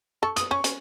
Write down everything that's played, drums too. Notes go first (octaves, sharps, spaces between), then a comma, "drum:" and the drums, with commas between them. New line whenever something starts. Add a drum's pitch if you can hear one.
A4 C#6
D#6, drum: hi-hat
C#4 C#6
C#4, drum: hi-hat